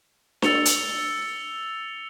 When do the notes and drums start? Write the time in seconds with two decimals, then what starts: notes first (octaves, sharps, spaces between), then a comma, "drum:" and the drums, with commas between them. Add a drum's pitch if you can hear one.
0.42 E6 A6 C#7 F7 G7, drum: snare D4
0.65 drum: hi-hat